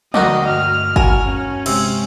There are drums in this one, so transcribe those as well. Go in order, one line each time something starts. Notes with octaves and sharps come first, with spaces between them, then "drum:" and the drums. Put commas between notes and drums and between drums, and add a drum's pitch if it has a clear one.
D2 D#3 D#4 F#4 A#4 D#5 D6, drum: tom
G2 F6
F#4 A#4 G#5 A5, drum: kick G1
C#4
C3 G#3 E6, drum: cymbal